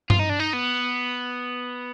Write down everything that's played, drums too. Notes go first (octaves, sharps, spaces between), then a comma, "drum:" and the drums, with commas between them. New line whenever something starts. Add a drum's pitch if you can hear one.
F4, drum: tom G2
D#4
D4
D#4
B3